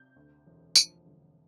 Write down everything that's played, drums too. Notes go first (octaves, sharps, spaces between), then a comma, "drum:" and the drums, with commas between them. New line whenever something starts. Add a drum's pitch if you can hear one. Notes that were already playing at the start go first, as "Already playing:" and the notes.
Already playing: C3 G6
D2
E1
F3, drum: tambourine
G1